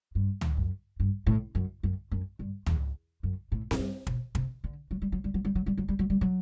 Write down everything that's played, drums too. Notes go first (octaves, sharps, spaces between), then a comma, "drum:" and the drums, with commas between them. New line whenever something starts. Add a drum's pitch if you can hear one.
G2
drum: tom C#2
F#2
G2
A2
F#2
F#2
F#2
G2
E2, drum: tom C#2
F#2
A2
A2, drum: snare C4
G2
B2, drum: kick
C3, drum: kick
D3
F#3
G3
F#3
G3
F#3
G3
F#3
G3
F#3
G3
F#3
G3
F#3